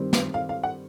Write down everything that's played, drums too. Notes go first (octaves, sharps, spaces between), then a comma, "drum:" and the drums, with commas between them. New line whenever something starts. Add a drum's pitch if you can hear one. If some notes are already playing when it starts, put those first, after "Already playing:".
Already playing: G2 D#3 G3 C4
drum: snare
F5
F5
F#5